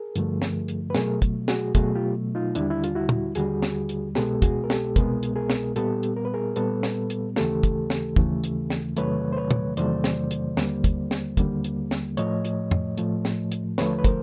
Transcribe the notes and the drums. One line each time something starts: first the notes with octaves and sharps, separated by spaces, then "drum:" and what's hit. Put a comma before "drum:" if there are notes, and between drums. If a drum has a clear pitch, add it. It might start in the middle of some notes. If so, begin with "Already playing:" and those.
Already playing: G#4 A#4
G2 D3 F3 A3, drum: hi-hat
drum: snare
drum: hi-hat
B4
B2 F#3 A3 G#4 A#4, drum: snare
drum: kick, hi-hat
F#4 G#4, drum: snare
B2 F#3 A3 F#4 G#4, drum: kick, hi-hat
F4 G4
D#4 F4
D#2 D3 G3 D4 E4, drum: hi-hat
E4
F4, drum: hi-hat
E4 F#4
drum: tom A#2
D#2 D3 G3 F#4 G#4, drum: hi-hat
drum: snare
drum: hi-hat
C2 B2 G#3 B3 G4 A4, drum: snare
F#4 G#4, drum: kick, hi-hat
A#4
G4 A4, drum: snare
C2 B2 G#3 B3 G#4 A#4, drum: kick, hi-hat
drum: hi-hat
G#4 A#4
drum: snare
A#2 G3 B3 G4 A4, drum: hi-hat
drum: hi-hat
A#4
B4
G#4 A#4
A#2 G3 B3 A4 B4, drum: hi-hat
drum: snare
drum: hi-hat
D#2 C#3 E3 A3 G4 A4, drum: snare
drum: kick, hi-hat
drum: snare
D#2 C#3 E3 A3, drum: kick
drum: hi-hat
drum: snare
E2 C3 D#3 F#3 A3 B4 C#5, drum: hi-hat
C5
B4 C#5
drum: tom A#2
E2 C3 D#3 F#3 A3 C5 D5, drum: hi-hat
drum: snare
drum: hi-hat
D#2 D3 G3 A#3, drum: snare
drum: kick, hi-hat
drum: snare
D#2 D3 G3 A#3, drum: kick, hi-hat
drum: hi-hat
drum: snare
A2 F3 A3 C#5 D#5, drum: hi-hat
drum: hi-hat
drum: tom
A2 F3 A3, drum: hi-hat
drum: snare
drum: hi-hat
D#2 D3 F3 A3 B4 C#5, drum: snare
B4
A#4 C5, drum: kick, hi-hat